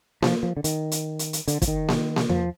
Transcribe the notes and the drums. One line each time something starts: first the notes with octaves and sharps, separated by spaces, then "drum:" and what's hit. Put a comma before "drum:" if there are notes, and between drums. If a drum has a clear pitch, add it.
F3, drum: snare A#3
F3
D3
D#3, drum: hi-hat
drum: hi-hat
drum: hi-hat
drum: hi-hat
D3, drum: hi-hat
F3, drum: kick, hi-hat
D#3
drum: snare A#3
drum: snare A#3
F3, drum: tom E2